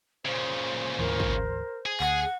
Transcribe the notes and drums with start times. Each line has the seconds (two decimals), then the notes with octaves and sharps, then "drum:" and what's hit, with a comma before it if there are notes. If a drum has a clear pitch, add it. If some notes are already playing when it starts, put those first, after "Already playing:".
0.25 A#2 C#3 C5
0.99 D2 G#2 E3 A#4
1.20 drum: kick
1.86 G#4
2.00 D2 F#5, drum: clap